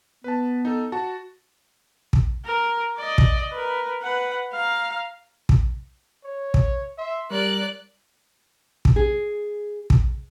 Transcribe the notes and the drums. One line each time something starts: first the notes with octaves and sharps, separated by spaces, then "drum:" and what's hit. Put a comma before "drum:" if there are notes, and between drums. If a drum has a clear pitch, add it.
B3 B4 A5
D#4 A4
F#4 A5
drum: kick
A#4
D5 D#5
drum: kick
A#4 B4
B4 F#5
F5 A#5
drum: kick
C#5
drum: kick
E5 C6
G3 A#4 D5 F#6
drum: kick
G#4
drum: kick